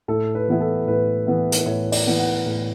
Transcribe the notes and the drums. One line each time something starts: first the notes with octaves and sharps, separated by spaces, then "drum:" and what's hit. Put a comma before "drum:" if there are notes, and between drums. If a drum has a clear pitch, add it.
A2 A4
B4
E3 B3 E4
A4
A2 B4
E3 B3 E4
drum: hi-hat
A2 C#5
D5, drum: open hi-hat
E3 B3 E4
F#5
A2